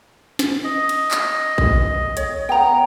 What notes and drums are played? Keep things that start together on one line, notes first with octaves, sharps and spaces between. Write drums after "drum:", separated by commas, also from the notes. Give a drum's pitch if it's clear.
drum: snare
D#5
drum: cymbal
drum: clap
drum: kick A#1
C#5, drum: hi-hat
B3 G5 A#5